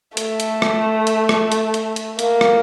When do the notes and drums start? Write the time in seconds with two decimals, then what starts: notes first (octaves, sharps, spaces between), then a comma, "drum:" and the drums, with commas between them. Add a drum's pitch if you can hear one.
0.17 A3, drum: hi-hat
0.40 drum: hi-hat
0.62 drum: rim click
1.07 drum: hi-hat
1.29 drum: rim click
1.52 drum: hi-hat
1.74 drum: hi-hat
1.96 drum: hi-hat
2.19 A#3, drum: hi-hat
2.41 drum: rim click